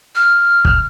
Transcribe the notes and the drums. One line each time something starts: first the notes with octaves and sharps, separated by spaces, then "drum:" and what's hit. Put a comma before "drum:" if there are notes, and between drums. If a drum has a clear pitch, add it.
F6
drum: kick